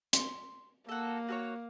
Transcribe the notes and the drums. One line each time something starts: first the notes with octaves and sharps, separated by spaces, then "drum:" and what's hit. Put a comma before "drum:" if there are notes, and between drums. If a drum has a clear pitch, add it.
C6, drum: hi-hat
A#3 F#4 A4
F#4 A4 C#5